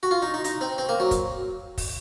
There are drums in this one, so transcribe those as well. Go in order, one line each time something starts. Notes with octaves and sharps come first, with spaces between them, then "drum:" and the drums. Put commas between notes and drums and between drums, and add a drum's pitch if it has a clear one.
F#4
F4
D#4
D#4
D#4, drum: hi-hat
C4
C4
A#3
F#3
drum: kick, hi-hat
drum: kick, open hi-hat